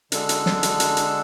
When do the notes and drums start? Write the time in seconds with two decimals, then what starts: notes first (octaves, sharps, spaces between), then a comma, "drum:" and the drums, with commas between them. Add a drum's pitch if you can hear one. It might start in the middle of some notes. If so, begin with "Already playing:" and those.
0.12 D3 G#3 D4 A4, drum: hi-hat
0.29 drum: hi-hat
0.46 drum: snare
0.63 drum: hi-hat
0.80 drum: hi-hat
0.97 drum: hi-hat